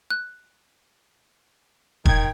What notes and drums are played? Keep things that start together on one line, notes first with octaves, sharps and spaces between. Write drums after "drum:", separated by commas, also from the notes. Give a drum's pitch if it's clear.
F#6
D#3 G5 G#6, drum: kick E1